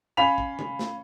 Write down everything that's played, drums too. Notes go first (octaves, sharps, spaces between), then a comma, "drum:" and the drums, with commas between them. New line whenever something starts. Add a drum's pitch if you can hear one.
C#4 F5 B5 B6 F7
drum: kick
drum: tom C3
drum: snare